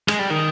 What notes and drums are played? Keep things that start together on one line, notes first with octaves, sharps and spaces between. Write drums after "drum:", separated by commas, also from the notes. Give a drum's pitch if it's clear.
G#3, drum: rim click
G3
D#3